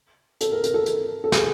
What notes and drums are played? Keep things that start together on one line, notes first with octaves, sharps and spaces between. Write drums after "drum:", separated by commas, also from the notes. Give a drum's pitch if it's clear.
A4, drum: hi-hat
A#4
A#4, drum: hi-hat
A4
drum: hi-hat
A4
G#4, drum: snare